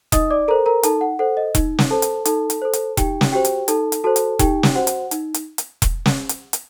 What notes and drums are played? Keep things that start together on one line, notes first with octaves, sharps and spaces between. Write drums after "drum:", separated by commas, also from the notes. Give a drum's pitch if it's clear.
D#4 D#5 D#6, drum: kick E1, hi-hat
D5 D6
A4 A#4 C5 A#5
A#4 A#5
D#4 A4 A5, drum: hi-hat
F#5
A4 C5 F#5
D#5
D#4, drum: kick E1, hi-hat
drum: snare
A4 C5 A5
drum: hi-hat
D#4 A4 A5, drum: hi-hat
drum: hi-hat
A4 C5
drum: hi-hat
D#4 G4 G5, drum: kick E1, hi-hat
drum: snare
F#4 G4 C5 G5
drum: hi-hat
D#4 A4 A5, drum: hi-hat
drum: hi-hat
F#4 A4 C5 A5
drum: hi-hat
D#4 G4 G5, drum: kick E1, hi-hat
drum: snare
F#4 C5 F#5
drum: hi-hat
D#4, drum: hi-hat
drum: hi-hat
drum: hi-hat
drum: kick E1, hi-hat
drum: snare
drum: hi-hat
drum: hi-hat